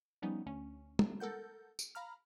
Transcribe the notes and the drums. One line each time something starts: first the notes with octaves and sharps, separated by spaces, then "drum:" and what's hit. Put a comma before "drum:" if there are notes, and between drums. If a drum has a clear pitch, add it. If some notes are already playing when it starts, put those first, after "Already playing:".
F3 G3 B3 C#4 D#4
D2 C#4
drum: tom
A4 A#4 F#5 G6
drum: tambourine
F5 A#5 B5 F6